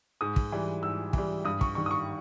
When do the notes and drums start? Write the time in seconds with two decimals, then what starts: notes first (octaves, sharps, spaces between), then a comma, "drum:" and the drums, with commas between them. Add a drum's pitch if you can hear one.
0.21 G#2 D#6
0.36 drum: kick
0.52 E3 G3
0.82 G#2 E6
1.13 E3 G3, drum: kick
1.45 G2 D#6
1.61 C#6, drum: kick
1.75 D#3 G3 C#6
1.86 D#6
1.91 C#6